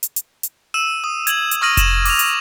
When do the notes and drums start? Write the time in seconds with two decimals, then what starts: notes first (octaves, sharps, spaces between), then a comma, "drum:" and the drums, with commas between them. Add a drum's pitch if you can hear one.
0.03 drum: hi-hat
0.16 drum: hi-hat
0.43 drum: hi-hat
0.74 E6 D#7 E7
1.04 D#6
1.27 G#6 F#7, drum: hi-hat
1.51 drum: hi-hat
1.61 C#6 D#6 F6 A#6 D#7 F#7
1.77 E7 F#7, drum: kick F1, hi-hat
2.05 D6 F7, drum: open hi-hat
2.19 drum: hi-hat